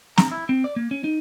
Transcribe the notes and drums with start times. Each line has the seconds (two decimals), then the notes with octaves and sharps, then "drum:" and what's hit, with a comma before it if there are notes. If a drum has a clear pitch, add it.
0.18 A#5, drum: snare
0.32 E4
0.49 C4
0.64 D5
0.76 A#3
0.91 C#4
1.04 D#4